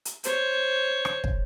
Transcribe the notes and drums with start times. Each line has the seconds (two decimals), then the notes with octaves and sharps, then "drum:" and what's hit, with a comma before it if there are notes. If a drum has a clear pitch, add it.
0.05 drum: hi-hat
0.24 C5 C#5, drum: hi-hat
1.05 drum: rim click
1.24 drum: kick